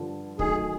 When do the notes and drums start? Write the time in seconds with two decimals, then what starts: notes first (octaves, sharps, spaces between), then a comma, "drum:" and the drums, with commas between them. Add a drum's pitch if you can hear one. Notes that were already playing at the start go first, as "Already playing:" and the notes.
Already playing: G2 D3 F3
0.39 D#3 F#3 A3 G#4, drum: kick